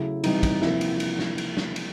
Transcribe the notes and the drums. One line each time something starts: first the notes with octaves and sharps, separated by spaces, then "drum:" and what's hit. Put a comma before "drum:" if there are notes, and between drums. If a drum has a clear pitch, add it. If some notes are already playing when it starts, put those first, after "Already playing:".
Already playing: C#3 F#3 A3 E4
C3 E3 G3 D#4, drum: cymbal
drum: kick, cymbal
C3 F3 A#3 E4, drum: snare
drum: cymbal
drum: cymbal
drum: snare
drum: cymbal
drum: snare
drum: cymbal